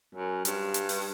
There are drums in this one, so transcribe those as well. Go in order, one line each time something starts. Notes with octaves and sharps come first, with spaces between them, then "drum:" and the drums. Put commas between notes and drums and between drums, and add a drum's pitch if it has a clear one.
F#2
G2, drum: hi-hat
drum: hi-hat
drum: open hi-hat